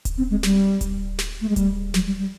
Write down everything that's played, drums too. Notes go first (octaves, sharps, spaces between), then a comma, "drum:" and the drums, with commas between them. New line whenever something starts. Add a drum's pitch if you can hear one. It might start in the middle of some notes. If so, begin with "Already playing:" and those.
drum: kick D1, hi-hat
C4
G#3
G3, drum: snare
drum: kick D1, hi-hat
drum: snare
A3
G#3
G3, drum: kick D1, hi-hat
F#3, drum: snare
G3
G3